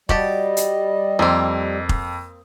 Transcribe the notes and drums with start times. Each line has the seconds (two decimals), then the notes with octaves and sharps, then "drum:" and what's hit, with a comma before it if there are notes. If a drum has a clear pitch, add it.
0.09 G3 F#4 G4 D#5 A5, drum: kick F1
0.57 drum: hi-hat
1.19 F2 A#3 C4
1.89 drum: kick F1